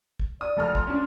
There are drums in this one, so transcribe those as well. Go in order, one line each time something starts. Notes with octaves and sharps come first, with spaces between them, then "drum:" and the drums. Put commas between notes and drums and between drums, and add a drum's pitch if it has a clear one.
drum: kick
D5 D#6
F1 A4 F6
C6, drum: kick
C#4 D4